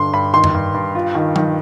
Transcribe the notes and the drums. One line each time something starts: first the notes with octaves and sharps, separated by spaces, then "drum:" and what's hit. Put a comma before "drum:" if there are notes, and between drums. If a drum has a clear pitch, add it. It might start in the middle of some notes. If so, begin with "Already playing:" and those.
Already playing: G2 D3 D4 C6
G2 B5
D#3 C6
drum: tom F2
G2
G2
F4
D#3
D#3, drum: tom F#3